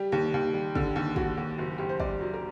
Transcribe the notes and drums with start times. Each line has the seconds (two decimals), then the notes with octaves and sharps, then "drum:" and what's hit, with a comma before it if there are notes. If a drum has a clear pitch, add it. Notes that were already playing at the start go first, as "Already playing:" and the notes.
Already playing: G3 G4
0.12 D#2
0.34 D#2
0.54 G3
0.75 D3, drum: kick
0.96 D#2
1.16 D#2 F#4, drum: kick
1.37 D#2
1.58 F#1 F#4
1.78 F#1 G4
1.89 C5
2.00 F#1 D5, drum: kick
2.21 F#3
2.34 A#4